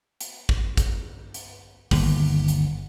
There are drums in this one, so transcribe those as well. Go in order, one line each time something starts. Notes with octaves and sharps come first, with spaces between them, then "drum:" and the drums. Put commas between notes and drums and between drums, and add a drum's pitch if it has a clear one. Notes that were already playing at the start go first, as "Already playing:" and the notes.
drum: hi-hat
drum: kick
drum: kick, hi-hat
drum: hi-hat
G1 D#2, drum: kick, open hi-hat
drum: hi-hat